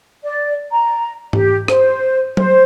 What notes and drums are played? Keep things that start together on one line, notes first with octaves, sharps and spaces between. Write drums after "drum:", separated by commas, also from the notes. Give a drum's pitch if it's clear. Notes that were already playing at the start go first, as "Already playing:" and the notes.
D5
A#5
G4, drum: tom G#2
C5, drum: rim click
C5, drum: tom F#3